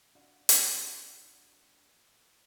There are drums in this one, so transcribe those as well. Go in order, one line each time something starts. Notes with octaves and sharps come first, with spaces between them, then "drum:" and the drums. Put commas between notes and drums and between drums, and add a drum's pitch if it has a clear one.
D4 F#4 D5 F5 F#5
drum: hi-hat